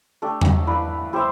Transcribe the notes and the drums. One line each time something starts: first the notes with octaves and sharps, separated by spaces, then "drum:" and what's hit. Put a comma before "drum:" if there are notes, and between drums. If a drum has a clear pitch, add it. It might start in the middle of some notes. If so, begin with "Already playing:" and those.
A3 D4 G4
drum: tom E2
E4 B4 D5 F5
E4 G4 C5 E5